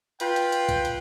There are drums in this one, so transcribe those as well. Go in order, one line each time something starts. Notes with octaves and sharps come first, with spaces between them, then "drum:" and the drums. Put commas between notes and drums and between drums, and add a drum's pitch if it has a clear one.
F4 B4 G5, drum: hi-hat
drum: hi-hat
drum: hi-hat
drum: kick C2, hi-hat
drum: hi-hat